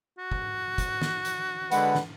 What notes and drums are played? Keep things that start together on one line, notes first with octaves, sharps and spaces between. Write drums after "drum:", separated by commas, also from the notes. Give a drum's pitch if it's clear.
F#4
drum: kick
drum: kick, hi-hat
drum: snare
drum: hi-hat
D3 G#3 B4 F#5, drum: hi-hat
drum: snare